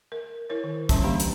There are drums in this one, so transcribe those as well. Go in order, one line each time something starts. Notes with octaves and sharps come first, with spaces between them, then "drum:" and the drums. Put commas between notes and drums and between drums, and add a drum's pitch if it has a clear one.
A#4
E4 A#4 C#5
D#3
E3 G3 C#4 A5, drum: kick, hi-hat
D3 A#3 D4 G4 F5 A#5
drum: hi-hat